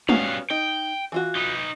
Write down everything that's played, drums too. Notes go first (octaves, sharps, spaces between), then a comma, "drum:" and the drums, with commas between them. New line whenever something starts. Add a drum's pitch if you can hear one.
G3 B3 C#4 F#4 F5, drum: tom G3
D#4 G5
E3 F4 F#4
D#4 B4